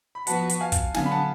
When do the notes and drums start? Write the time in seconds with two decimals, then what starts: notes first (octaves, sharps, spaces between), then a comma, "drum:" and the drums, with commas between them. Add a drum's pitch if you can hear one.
0.15 B5
0.27 F3 B3 F#4 B4 F#5 A5, drum: hi-hat
0.49 drum: hi-hat
0.61 F5 G#5
0.72 drum: kick, hi-hat
0.94 D3 F#3 B3 F5 G#5, drum: snare
1.06 B5
1.11 F#5 A5